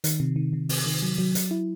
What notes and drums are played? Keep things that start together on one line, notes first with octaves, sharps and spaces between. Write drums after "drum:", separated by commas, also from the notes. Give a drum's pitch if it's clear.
D#3, drum: hi-hat
C3
D#3
C3
C3, drum: open hi-hat
D#3
F#3
F#3
F#3, drum: hi-hat
E4